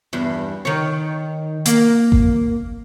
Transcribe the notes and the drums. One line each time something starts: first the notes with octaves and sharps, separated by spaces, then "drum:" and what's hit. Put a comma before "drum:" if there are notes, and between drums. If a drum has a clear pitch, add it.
E2 G2
D#3 C#5
A#3, drum: hi-hat
drum: kick G#1